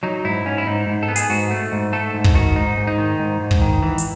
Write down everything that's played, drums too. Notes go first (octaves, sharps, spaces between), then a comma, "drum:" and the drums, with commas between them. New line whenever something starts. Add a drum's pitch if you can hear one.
F#3 D#4
G#2 E4
G#2 C#4
E4
G#2 D#4
G#2
A4
B3
G#4, drum: hi-hat
G#2 F#4
A3
G#2
A3 A4
G#2
drum: kick
D#3 F#4
G#2 D#4
G#2
D#4
D#3
G#2
G#2
drum: kick
D#3
E3
drum: hi-hat